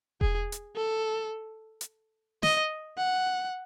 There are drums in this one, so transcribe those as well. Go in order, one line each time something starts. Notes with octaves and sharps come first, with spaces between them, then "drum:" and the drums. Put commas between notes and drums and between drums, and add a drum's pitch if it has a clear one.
G#4, drum: kick E1
drum: hi-hat
A4
drum: hi-hat
D#5, drum: snare
F#5